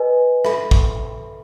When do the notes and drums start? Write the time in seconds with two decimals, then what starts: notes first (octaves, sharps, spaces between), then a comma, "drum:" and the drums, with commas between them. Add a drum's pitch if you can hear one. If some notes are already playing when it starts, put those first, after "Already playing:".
Already playing: B4 D#5 G#5
0.45 A4 E5 B5, drum: rim click
0.71 drum: kick